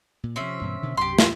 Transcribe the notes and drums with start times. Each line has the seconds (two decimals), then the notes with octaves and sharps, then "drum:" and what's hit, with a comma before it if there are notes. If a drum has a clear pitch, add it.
0.23 A#2
0.36 C3 F3 C4 C#4 E5
0.61 G2 B2 E3
0.82 B2 D3 D#3
0.97 B1 F#2 C3 G4 C6
1.19 E2, drum: snare